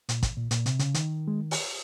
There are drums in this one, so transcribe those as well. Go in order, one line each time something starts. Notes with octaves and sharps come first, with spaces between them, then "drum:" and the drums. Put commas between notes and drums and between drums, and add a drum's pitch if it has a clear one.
A#2, drum: hi-hat
drum: kick, hi-hat
A#2
A#2, drum: hi-hat
C3, drum: hi-hat
C#3, drum: hi-hat
D#3, drum: hi-hat
G#3
drum: open hi-hat